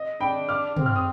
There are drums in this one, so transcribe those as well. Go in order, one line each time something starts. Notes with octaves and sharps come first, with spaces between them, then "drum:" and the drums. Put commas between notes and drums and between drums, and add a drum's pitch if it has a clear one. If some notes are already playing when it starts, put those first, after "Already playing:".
Already playing: D#5
D4 G5 B5
D6 F6
C4, drum: tom
F6
D#6